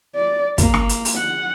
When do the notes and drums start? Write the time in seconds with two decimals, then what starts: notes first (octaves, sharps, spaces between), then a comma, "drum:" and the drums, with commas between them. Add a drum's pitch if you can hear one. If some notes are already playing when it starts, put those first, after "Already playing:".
0.15 D5
0.58 A#3, drum: kick, hi-hat
0.74 drum: rim click
0.89 drum: hi-hat
1.05 drum: open hi-hat
1.18 F#5